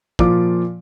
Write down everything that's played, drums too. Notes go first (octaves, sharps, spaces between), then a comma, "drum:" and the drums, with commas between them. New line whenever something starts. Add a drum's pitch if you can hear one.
A#2 F3 F4 D6, drum: kick